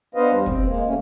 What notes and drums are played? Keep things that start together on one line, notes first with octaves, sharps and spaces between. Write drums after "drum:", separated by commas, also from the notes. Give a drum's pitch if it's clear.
B3 D4 B4 C5 D#5 F5
E2 G3
C4, drum: kick
G#3 A#3
C3 A3 A#3 C#4